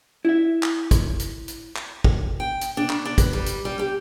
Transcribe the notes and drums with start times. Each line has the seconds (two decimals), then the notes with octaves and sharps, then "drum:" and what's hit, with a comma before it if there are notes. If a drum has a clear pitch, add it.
0.25 E4 E5
0.63 drum: clap
0.91 drum: kick, hi-hat
1.19 drum: hi-hat
1.48 drum: hi-hat
1.76 drum: clap
2.05 drum: kick
2.40 G5
2.61 drum: hi-hat
2.77 D4
2.90 drum: clap
3.05 D4
3.18 B4, drum: kick, hi-hat
3.33 G3
3.46 drum: hi-hat
3.65 G3
3.79 G4